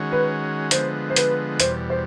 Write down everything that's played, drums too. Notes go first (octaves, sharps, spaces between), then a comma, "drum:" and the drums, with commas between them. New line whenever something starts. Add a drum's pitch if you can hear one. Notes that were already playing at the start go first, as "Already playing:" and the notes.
Already playing: D#3 G#3 C#4 F#4
B4
D3 F3 G#3 B3 C5, drum: hi-hat
C5
B4, drum: hi-hat
E2 B2 G3 C5, drum: hi-hat
C5